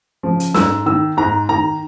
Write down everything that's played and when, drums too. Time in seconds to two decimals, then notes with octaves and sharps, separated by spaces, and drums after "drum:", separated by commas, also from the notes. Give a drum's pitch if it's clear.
0.23 C#3 F3
0.40 drum: hi-hat
0.54 G#2 E6, drum: snare
0.86 D#3 E6
1.17 G#2 A#5
1.49 D#3 A#5